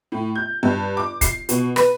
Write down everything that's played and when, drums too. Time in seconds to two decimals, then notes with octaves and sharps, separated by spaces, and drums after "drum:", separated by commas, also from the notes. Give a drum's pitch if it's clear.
0.12 A2
0.35 G6
0.63 G2
0.97 D6
1.21 C7, drum: kick, hi-hat
1.49 B2, drum: hi-hat
1.76 B4, drum: rim click